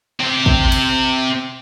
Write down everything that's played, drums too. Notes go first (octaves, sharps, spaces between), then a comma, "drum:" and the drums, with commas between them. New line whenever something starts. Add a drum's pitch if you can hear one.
C3 G4
drum: kick
drum: cymbal